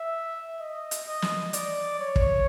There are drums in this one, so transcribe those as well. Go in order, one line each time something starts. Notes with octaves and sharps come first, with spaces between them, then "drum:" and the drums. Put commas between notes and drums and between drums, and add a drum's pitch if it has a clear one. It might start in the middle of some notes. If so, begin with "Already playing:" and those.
Already playing: E5
D#5
drum: hi-hat
D#5
drum: snare
D5, drum: hi-hat
C#5
drum: kick